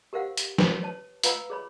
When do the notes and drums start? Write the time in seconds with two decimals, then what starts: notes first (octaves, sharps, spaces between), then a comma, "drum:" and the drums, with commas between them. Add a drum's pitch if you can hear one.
0.13 G4 A#4 C5 F5 F#5
0.37 drum: hi-hat
0.58 B4, drum: snare
0.83 C#5 A5
1.23 F4 B4 F5 F#5 A#5 E6, drum: hi-hat
1.50 G#4 C#5 B5